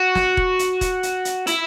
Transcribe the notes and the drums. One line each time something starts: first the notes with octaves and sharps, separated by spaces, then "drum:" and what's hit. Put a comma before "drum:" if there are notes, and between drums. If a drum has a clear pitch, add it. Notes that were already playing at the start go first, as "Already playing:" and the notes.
Already playing: F#4
drum: snare
drum: kick E1
drum: hi-hat
drum: kick E1, hi-hat
drum: hi-hat
drum: hi-hat
E4, drum: hi-hat